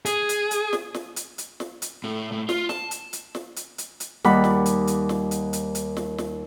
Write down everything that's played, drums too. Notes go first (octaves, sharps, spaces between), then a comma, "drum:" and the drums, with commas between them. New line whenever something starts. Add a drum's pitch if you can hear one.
G#4, drum: hi-hat
drum: hi-hat
drum: hi-hat
drum: snare
drum: snare
drum: hi-hat
drum: hi-hat
drum: snare
drum: hi-hat
A2
A2
F4, drum: snare
A5, drum: snare
drum: hi-hat
drum: hi-hat
drum: snare
drum: hi-hat
drum: hi-hat
drum: hi-hat
D#2 G3 F#5 B5, drum: snare
drum: snare
drum: hi-hat
drum: hi-hat
drum: snare
drum: hi-hat
drum: hi-hat
drum: hi-hat
drum: snare
drum: snare